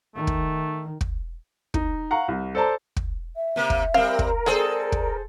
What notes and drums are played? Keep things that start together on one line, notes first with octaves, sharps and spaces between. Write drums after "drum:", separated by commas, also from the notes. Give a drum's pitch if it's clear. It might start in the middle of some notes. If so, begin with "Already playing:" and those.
D#3 A3
drum: kick
drum: kick
D#4, drum: kick
F5 F#5 A#5 C#6
C2
A4 C5 D5 A5 A#5
drum: kick
E5
C3 A#3
drum: kick
G3 C4 A#4 F5
drum: kick
G#3 C4 G#4 A4 C5 D5
drum: kick